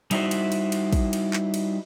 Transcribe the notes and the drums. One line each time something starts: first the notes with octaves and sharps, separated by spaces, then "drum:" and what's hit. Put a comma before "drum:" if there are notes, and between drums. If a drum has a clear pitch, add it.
G3 D#4 E4 F#4 C5, drum: cymbal
drum: cymbal
drum: cymbal
drum: cymbal
drum: kick, cymbal
drum: cymbal
drum: clap
drum: cymbal